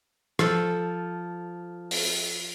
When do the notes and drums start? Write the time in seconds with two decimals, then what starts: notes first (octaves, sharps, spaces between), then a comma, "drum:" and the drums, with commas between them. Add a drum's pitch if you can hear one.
0.39 F3 A4, drum: rim click
1.91 drum: open hi-hat